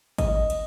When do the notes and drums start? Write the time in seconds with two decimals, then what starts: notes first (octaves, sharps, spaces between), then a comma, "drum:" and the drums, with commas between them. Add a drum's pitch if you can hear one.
0.18 D#5, drum: kick G#1, cymbal
0.50 drum: cymbal